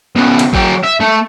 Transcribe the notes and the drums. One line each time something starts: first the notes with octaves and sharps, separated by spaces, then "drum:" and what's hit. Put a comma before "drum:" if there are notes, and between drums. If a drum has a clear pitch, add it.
C#3 B3
drum: cymbal
F#3 G5, drum: kick G#1
E5
A3